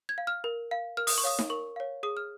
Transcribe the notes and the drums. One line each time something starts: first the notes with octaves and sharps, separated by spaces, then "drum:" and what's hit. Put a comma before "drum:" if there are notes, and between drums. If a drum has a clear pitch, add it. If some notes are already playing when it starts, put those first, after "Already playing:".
G#6
F5
F6
A#4
F5
A#4 F6
D#6, drum: open hi-hat
C#6
C#5 F5 D#6
drum: snare D#4
A#4 C#6
C#5 F5
G#4 D#6
F6